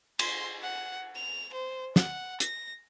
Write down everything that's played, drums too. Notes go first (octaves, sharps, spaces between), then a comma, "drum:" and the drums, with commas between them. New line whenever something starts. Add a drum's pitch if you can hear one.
C6, drum: cymbal
F#5
F7
C5
F#5, drum: snare
A#6, drum: hi-hat